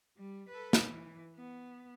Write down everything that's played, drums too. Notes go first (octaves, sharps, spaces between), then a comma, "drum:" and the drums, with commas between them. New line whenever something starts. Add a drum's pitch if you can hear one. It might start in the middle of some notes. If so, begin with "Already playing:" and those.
G3
A4 B4
drum: snare
E3
B3